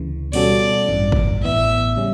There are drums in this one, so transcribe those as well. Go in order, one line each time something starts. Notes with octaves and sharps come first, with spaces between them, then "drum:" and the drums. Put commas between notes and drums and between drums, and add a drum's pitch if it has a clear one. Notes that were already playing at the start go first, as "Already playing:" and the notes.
Already playing: D2 C#3 E3
B2 G3 C#4 F#4 A4 D5, drum: open hi-hat
A1 G2 E3
drum: kick
A1 A2 E3 B3 E5
C#3 G3 C#4